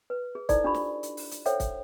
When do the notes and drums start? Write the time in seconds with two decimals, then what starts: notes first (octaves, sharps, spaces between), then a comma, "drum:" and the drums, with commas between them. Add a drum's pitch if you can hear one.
0.10 B4
0.35 G#4
0.49 D#4 E4 A4 C5 D5, drum: kick, hi-hat
0.64 D4 F4 G4 B5
0.74 drum: snare
1.03 drum: hi-hat
1.17 drum: open hi-hat
1.31 drum: hi-hat
1.46 A4 C5 C#5 E5 F#5 G5, drum: hi-hat
1.60 drum: kick, hi-hat